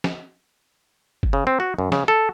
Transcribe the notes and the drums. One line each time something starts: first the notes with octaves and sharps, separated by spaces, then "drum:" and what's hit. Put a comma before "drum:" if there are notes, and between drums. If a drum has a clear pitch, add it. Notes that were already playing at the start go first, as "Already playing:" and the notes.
drum: snare
drum: kick F#1
C#3
C4
F#4
F#2
C#3, drum: snare
A4